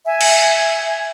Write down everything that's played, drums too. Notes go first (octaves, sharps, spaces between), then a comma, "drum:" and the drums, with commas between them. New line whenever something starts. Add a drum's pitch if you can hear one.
E5 G#5
drum: cymbal